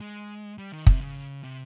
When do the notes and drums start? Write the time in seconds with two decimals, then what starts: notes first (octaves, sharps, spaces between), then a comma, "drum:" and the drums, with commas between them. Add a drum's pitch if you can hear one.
0.01 G#3
0.58 G3
0.72 D#3
0.87 C3, drum: kick
1.01 C#3
1.43 C3